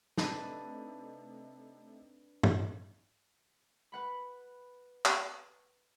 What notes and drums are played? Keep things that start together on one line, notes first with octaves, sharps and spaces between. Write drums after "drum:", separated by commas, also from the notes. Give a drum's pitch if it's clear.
C3 A3 D4 D#4 B4 A5, drum: snare
drum: tom
B4 F#5 B5
drum: clap